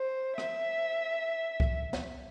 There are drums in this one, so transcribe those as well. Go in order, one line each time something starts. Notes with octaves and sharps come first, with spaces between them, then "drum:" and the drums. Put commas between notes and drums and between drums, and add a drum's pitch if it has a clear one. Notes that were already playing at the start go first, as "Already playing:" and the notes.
Already playing: C5
E5, drum: rim click
drum: kick C2
drum: snare